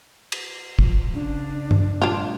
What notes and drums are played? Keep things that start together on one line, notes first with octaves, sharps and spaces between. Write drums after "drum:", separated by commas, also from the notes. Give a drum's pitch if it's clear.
drum: cymbal
G#2 F3, drum: kick
C#3 D4
drum: tom G2
A#2 G3 A3 D4 F4